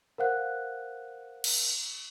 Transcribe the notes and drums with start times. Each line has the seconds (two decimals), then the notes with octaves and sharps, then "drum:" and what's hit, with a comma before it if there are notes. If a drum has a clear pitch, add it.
0.18 A#4 C5 F5 F#5 F#6
1.44 drum: cymbal